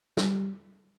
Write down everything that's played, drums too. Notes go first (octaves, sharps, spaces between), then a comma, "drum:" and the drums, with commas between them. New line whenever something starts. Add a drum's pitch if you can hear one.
G3, drum: snare